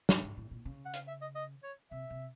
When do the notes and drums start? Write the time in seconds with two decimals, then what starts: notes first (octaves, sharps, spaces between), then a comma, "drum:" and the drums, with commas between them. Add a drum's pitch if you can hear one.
0.09 G#2, drum: snare
0.23 G#2
0.37 A2
0.51 A#2
0.65 C#3
0.86 F#5
0.94 F5, drum: hi-hat
1.08 E5
1.22 D#5
1.35 D#5
1.63 C#5
1.91 C3 E5
2.10 C3